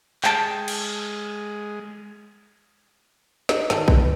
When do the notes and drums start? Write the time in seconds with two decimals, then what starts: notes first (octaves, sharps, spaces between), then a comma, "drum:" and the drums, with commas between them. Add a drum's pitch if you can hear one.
0.24 G#3 G5 A5, drum: clap
0.68 drum: cymbal
3.49 D#4, drum: snare
3.70 G#1, drum: snare
3.88 B4, drum: kick
4.00 B3